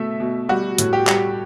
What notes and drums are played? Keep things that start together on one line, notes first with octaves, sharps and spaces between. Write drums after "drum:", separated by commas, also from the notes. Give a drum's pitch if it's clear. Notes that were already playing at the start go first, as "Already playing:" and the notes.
Already playing: B2 A3 E5
B2
G3 F#4
A2, drum: hi-hat
G4
G3, drum: clap